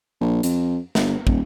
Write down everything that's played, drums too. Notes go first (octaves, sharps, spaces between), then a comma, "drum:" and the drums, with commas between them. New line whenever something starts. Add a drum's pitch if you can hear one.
A#1
F2, drum: hi-hat
G1, drum: snare
D#1, drum: kick